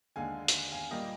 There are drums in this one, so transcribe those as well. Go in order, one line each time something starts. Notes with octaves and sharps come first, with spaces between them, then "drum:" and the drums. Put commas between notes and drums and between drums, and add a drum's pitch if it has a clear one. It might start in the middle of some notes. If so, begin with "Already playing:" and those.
D#2 D3 G#3 F5 G#5
drum: hi-hat
F5 G#5
A#2 G3 A#3 D#5 G5